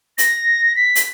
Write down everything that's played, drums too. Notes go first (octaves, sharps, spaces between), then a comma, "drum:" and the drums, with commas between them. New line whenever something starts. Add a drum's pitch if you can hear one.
A#6, drum: hi-hat
B6
drum: hi-hat